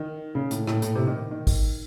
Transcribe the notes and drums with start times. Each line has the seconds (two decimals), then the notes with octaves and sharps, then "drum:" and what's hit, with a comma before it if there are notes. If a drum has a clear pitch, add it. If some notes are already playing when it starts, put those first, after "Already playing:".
Already playing: D#3
0.35 C#3
0.51 A2, drum: hi-hat
0.67 A2, drum: rim click
0.82 A2, drum: hi-hat
0.95 C3
1.07 D#3
1.31 D#3
1.47 drum: kick G#1, open hi-hat